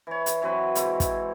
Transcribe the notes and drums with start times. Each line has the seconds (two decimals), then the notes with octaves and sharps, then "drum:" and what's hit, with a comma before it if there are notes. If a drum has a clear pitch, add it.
0.07 E3 C#5
0.26 drum: hi-hat
0.42 E3 F#3 C4 B4
0.75 G#2 C4 E4, drum: hi-hat
1.00 drum: kick, hi-hat